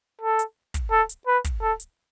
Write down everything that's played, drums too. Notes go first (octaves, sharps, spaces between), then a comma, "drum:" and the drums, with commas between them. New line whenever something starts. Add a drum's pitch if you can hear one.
A4
drum: hi-hat
drum: kick, hi-hat
A4
drum: hi-hat
B4
drum: kick, hi-hat
A4
drum: hi-hat